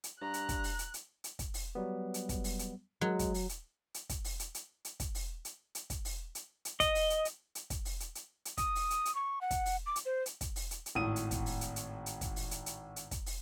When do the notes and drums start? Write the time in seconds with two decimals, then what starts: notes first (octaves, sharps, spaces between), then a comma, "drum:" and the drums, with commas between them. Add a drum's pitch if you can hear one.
0.04 drum: hi-hat
0.21 G2 A#5 F#6
0.34 drum: hi-hat
0.49 drum: kick, hi-hat
0.64 drum: open hi-hat
0.79 drum: hi-hat
0.94 drum: hi-hat
1.24 drum: hi-hat
1.39 drum: kick, hi-hat
1.54 drum: open hi-hat
1.75 F#3 G3 B3
2.14 drum: hi-hat
2.29 drum: kick, hi-hat
2.44 drum: open hi-hat
2.59 drum: hi-hat
3.01 F#3 G#3
3.19 drum: kick, hi-hat
3.34 drum: open hi-hat
3.49 drum: hi-hat
3.94 drum: hi-hat
4.09 drum: kick, hi-hat
4.24 drum: open hi-hat
4.39 drum: hi-hat
4.55 drum: hi-hat
4.85 drum: hi-hat
5.00 drum: kick, hi-hat
5.15 drum: open hi-hat
5.45 drum: hi-hat
5.75 drum: hi-hat
5.90 drum: kick, hi-hat
6.05 drum: open hi-hat
6.35 drum: hi-hat
6.65 drum: hi-hat
6.80 D#5, drum: kick, hi-hat
6.95 drum: open hi-hat
7.10 drum: hi-hat
7.25 drum: hi-hat
7.55 drum: hi-hat
7.70 drum: kick, hi-hat
7.85 drum: open hi-hat
8.00 drum: hi-hat
8.15 drum: hi-hat
8.45 drum: hi-hat
8.57 D#6, drum: kick, hi-hat
8.75 drum: open hi-hat
8.90 drum: hi-hat
9.05 drum: hi-hat
9.15 C#6
9.41 F#5
9.51 drum: kick, hi-hat
9.66 drum: open hi-hat
9.86 D6
9.96 drum: hi-hat
10.06 C5
10.26 drum: hi-hat
10.41 drum: kick, hi-hat
10.56 drum: open hi-hat
10.71 drum: hi-hat
10.86 drum: hi-hat
10.95 G#1 A2 D#6 D#7
11.16 drum: hi-hat
11.31 drum: kick, hi-hat
11.46 drum: open hi-hat
11.61 drum: hi-hat
11.76 drum: hi-hat
12.06 drum: hi-hat
12.21 drum: kick, hi-hat
12.36 drum: open hi-hat
12.51 drum: hi-hat
12.66 drum: hi-hat
12.96 drum: hi-hat
13.11 drum: kick, hi-hat
13.26 drum: open hi-hat